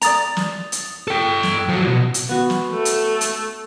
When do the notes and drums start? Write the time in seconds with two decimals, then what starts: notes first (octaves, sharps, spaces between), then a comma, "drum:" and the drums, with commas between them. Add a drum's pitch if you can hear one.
0.02 D5 A#5 D#6 A6 F7, drum: hi-hat
0.37 drum: snare
0.72 drum: hi-hat
1.08 A4 G5
1.43 drum: snare
1.69 F3 F#3
1.87 B2
2.14 drum: hi-hat
2.29 B3 F#4
2.50 drum: snare
2.72 A3
2.85 drum: hi-hat
3.21 drum: hi-hat